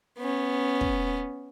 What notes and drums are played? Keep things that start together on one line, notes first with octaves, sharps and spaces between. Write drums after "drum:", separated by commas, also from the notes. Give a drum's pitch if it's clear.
B3 C#4
drum: kick